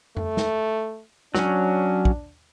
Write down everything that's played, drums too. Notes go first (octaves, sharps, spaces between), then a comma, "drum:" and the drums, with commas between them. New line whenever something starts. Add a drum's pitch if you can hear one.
A3, drum: tom F2
drum: snare
F#3 C#4 D4, drum: snare
drum: kick